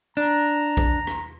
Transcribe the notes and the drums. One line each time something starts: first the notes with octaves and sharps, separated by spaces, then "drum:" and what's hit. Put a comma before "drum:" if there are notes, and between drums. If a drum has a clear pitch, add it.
D4 A#5
drum: kick A#1
drum: rim click